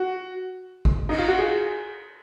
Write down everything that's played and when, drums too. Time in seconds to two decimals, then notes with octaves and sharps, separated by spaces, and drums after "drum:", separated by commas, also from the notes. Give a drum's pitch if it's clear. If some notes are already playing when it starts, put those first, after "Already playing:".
Already playing: F#4
0.85 drum: kick G#1
1.09 D#4, drum: cymbal
1.18 F4
1.28 F#4
1.38 G#4